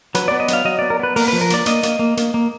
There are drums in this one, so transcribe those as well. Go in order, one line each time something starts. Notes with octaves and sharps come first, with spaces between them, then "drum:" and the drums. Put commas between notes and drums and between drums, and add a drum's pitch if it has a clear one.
F#3 B4, drum: hi-hat
B3 D5
D#5
F#3, drum: hi-hat
F5
F#3 D#5
B3 D5
A#4
B3 B4
A#3 A#4, drum: open hi-hat
F3 B4
A#4
A#3 D5, drum: hi-hat
A#3 D#5, drum: hi-hat
A#3, drum: hi-hat
A#3
A#3, drum: hi-hat
A#3